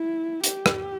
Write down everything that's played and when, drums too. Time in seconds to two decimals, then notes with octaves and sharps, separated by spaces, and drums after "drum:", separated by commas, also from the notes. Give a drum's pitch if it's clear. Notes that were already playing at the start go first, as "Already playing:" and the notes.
Already playing: E4
0.44 G4, drum: hi-hat
0.66 drum: rim click